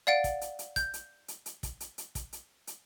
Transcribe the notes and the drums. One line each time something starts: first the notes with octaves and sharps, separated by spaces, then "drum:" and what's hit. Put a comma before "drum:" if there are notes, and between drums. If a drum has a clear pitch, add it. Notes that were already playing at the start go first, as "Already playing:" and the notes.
D5 F5 F#5 A6 D7
drum: kick, hi-hat
drum: hi-hat
drum: hi-hat
G6, drum: kick, hi-hat
drum: hi-hat
drum: hi-hat
drum: hi-hat
drum: kick, hi-hat
drum: hi-hat
drum: hi-hat
drum: kick, hi-hat
drum: hi-hat
drum: hi-hat